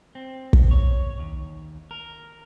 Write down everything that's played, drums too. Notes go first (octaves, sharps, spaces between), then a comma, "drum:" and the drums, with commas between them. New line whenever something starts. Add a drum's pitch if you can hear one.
C4
drum: kick
C#5
D#2
A#4